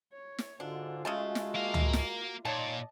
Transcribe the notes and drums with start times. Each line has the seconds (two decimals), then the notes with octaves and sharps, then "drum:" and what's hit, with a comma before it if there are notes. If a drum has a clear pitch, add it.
0.13 C#5
0.38 drum: snare
0.60 G#2 D3 D4 F4 F#4
1.05 C#3 G#3 A3 A5
1.35 drum: snare
1.55 A#3 F5
1.74 drum: tom C#2
1.93 drum: snare
2.45 A#2 D#4 C#5 D#5 A5